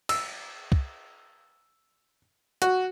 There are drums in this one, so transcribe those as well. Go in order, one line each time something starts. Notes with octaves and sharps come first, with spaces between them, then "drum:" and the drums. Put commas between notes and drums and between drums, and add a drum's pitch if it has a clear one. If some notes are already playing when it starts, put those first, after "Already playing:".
E6, drum: cymbal
drum: kick
F#4, drum: hi-hat